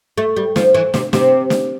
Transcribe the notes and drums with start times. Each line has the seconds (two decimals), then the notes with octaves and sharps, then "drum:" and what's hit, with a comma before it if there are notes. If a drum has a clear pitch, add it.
0.18 A3
0.37 G3
0.56 F3, drum: snare
0.74 E3
0.94 C3, drum: snare
1.13 C3, drum: snare
1.50 drum: snare